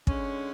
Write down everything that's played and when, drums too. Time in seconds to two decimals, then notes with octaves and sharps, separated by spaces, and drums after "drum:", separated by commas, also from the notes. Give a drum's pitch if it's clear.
0.07 D3 G#3 C#4, drum: kick